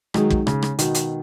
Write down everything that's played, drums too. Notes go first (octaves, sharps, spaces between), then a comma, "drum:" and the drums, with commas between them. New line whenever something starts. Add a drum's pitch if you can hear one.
D#3 F#3 G#3 D#4 G#4, drum: rim click
drum: kick
C#3, drum: rim click
drum: rim click
B2 D#3, drum: hi-hat
drum: hi-hat